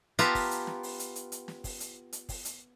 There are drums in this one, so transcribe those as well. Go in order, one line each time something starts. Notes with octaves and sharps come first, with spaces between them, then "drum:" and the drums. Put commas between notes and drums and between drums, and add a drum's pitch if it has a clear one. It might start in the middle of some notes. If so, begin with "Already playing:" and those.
B3 F4 G4 A5 A#5, drum: hi-hat
drum: kick, open hi-hat
drum: hi-hat
drum: snare
drum: open hi-hat
drum: hi-hat
drum: hi-hat
drum: hi-hat
drum: snare
drum: kick, open hi-hat
drum: hi-hat
drum: hi-hat
drum: kick, open hi-hat
drum: hi-hat